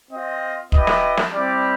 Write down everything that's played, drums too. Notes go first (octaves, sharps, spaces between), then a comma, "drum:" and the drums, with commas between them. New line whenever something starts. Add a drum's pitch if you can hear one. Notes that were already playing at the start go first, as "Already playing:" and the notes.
C4 F4 D#5
B3 E4 G4 D#5, drum: kick
drum: snare
drum: snare
G3 C4 E4 G4 D5